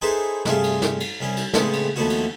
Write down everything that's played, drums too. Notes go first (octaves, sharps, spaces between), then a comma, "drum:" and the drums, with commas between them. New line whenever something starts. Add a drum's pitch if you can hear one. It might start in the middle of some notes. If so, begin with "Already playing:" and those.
D#4 E4 G#4 A4 B4 C5
G2 C3 A3 F4 G#4, drum: snare
drum: cymbal
drum: snare
drum: cymbal
C2 C#4 E4
drum: cymbal
A2 C#3 G#3 B3 C4, drum: snare
drum: cymbal
D#2 F3 A3 B3 E4 F#4
drum: cymbal